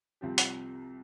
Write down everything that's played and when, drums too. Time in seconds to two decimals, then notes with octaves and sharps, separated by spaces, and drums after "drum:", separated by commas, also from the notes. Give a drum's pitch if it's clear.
0.21 C2 C3 F3 C4 G4
0.38 drum: hi-hat